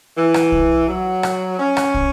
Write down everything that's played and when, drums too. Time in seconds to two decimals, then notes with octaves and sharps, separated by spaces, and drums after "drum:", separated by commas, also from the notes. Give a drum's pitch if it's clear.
0.17 E3
0.34 drum: rim click
0.52 drum: kick
0.87 F#3
1.23 drum: rim click
1.59 C#4
1.77 drum: rim click
1.94 drum: kick